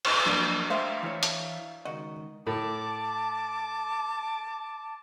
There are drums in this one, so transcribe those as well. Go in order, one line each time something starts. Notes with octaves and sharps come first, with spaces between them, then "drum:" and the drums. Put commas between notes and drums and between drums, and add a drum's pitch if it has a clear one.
drum: cymbal
F3 F#3 A#3 D4
A3 G4 C5 E5 F5
E3 C#5
drum: hi-hat
C#2 D#3 F#4 D#5
A2 A5 D6